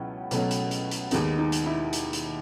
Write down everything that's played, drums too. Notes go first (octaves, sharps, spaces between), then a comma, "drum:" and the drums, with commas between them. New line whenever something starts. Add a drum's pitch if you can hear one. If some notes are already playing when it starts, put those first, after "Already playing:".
Already playing: C#2 B2 F#3 C#4 E4
C#2 B2 F#3 A3 C#4, drum: hi-hat
drum: hi-hat
drum: hi-hat
drum: hi-hat
D#2 D#3 G#3 B3 D#4, drum: hi-hat
D#4
drum: hi-hat
E4
drum: hi-hat
drum: hi-hat